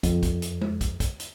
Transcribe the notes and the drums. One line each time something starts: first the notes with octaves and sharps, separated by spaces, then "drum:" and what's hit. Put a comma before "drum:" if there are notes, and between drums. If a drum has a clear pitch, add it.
F2, drum: kick, hi-hat
drum: kick, hi-hat
drum: hi-hat
drum: tom
drum: kick, hi-hat
drum: kick, hi-hat
drum: hi-hat